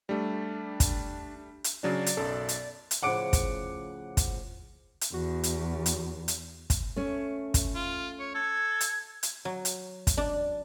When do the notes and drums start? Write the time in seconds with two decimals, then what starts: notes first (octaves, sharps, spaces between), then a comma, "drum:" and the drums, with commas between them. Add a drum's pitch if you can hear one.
0.09 G3 A3 D4
0.80 drum: kick, hi-hat
1.64 drum: hi-hat
1.83 C#3 F#3 D4 D5
2.06 drum: hi-hat
2.17 B1 F#2 A4
2.49 drum: hi-hat
2.91 drum: hi-hat
3.03 A2 C#3 F3 F#5 D6 D7
3.33 drum: kick, hi-hat
4.17 drum: kick, hi-hat
5.01 drum: hi-hat
5.14 E2 F#4
5.43 drum: hi-hat
5.86 drum: hi-hat
6.28 drum: hi-hat
6.70 drum: kick, hi-hat
6.96 A3 C#4
7.54 drum: kick, hi-hat
7.75 F4
8.19 C#5
8.35 A4 G#6
8.81 drum: hi-hat
9.23 drum: hi-hat
9.45 F#3
9.65 drum: hi-hat
10.07 drum: kick, hi-hat
10.17 D4